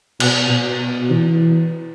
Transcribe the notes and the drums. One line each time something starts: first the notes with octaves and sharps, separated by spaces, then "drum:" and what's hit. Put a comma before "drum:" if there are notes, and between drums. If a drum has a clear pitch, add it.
B2, drum: cymbal
B2
E3